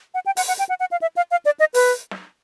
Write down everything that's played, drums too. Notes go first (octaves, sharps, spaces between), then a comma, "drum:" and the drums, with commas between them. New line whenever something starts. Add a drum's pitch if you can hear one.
F#5
G5
F#5, drum: open hi-hat
F#5
G5
F#5
F#5
F5
E5
F5
F5
D5
D#5
B4, drum: open hi-hat
drum: snare